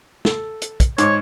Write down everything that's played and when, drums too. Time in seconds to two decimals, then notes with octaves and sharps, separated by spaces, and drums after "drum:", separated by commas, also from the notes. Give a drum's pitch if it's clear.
0.25 A4, drum: snare
0.62 drum: hi-hat
0.80 drum: kick, hi-hat
0.98 G#2 C#5 D6, drum: hi-hat